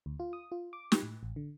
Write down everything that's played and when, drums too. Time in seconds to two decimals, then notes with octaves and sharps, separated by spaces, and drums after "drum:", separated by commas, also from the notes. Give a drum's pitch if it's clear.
0.06 D2
0.20 F4
0.33 D#6
0.52 F4
0.73 D6
0.92 G4, drum: snare
1.03 A2
1.23 A1
1.36 D3